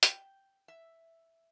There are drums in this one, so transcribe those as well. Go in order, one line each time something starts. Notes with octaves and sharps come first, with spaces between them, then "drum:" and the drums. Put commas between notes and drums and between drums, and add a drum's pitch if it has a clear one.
G5, drum: hi-hat
E5